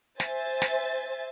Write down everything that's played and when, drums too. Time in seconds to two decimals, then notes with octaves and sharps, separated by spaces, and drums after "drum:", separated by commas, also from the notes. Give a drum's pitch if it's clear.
0.20 C5 E5 G#5 A6, drum: snare
0.62 drum: snare